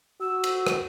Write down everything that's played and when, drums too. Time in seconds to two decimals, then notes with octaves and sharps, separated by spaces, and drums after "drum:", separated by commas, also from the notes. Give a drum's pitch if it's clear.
0.21 F#4 E6
0.44 drum: cymbal
0.67 drum: rim click